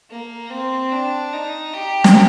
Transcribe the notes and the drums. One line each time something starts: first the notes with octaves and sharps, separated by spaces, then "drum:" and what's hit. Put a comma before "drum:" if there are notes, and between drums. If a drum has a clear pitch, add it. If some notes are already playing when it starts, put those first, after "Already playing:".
A#3
C4
D4
D#4
G4
drum: snare